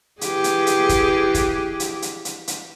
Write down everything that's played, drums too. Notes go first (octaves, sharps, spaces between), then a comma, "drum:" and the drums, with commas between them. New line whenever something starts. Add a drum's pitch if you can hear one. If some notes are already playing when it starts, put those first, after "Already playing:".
E3 G4 G#4, drum: hi-hat
drum: hi-hat
drum: hi-hat
drum: kick, hi-hat
drum: kick, hi-hat
drum: hi-hat
drum: hi-hat
drum: hi-hat
drum: hi-hat